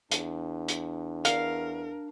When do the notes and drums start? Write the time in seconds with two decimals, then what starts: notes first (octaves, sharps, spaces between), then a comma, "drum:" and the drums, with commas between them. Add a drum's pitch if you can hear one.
0.12 E2 D4, drum: hi-hat
0.68 drum: hi-hat
1.25 A#4 F5, drum: hi-hat